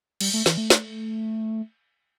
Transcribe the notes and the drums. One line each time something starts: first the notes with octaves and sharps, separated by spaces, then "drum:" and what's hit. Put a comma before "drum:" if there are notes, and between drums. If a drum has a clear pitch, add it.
G3, drum: cymbal
A3
E3, drum: snare
A3
drum: snare